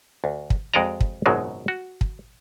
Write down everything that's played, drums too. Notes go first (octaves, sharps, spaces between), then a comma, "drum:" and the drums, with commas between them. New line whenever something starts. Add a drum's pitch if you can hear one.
D2
drum: kick
F2 G#3 F#4 D5 D#5 A#5
drum: kick
G#1 C#2 F#2 B2 F#3 G#3
F#4
drum: kick